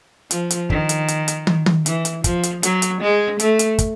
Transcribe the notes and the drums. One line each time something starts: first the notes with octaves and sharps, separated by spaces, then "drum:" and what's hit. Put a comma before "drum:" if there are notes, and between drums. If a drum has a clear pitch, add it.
F3, drum: hi-hat
drum: hi-hat
D#3, drum: kick
drum: hi-hat
drum: hi-hat
drum: hi-hat
drum: tom
drum: tom
E3, drum: hi-hat
drum: hi-hat
F3, drum: kick, hi-hat
drum: hi-hat
F#3, drum: hi-hat
drum: hi-hat
G#3
A3, drum: hi-hat
drum: hi-hat
drum: kick, hi-hat